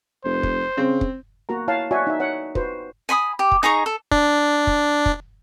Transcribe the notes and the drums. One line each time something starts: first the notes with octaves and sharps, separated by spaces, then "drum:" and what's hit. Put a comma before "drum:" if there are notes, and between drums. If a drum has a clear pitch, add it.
F1 C5
drum: kick
C#3 C4
drum: kick
A#3 F#4 A#4 A#5
E4 C#5 F5 A5
F#4 C#5 D5 E5 G#5
D#4 E5
C#5 F#5
F#4 B4 C5, drum: kick
G#5 B5 C6 D#6
G4
drum: kick
D#4 G#4 A#5 C#6
A4
D4, drum: kick
drum: kick
drum: kick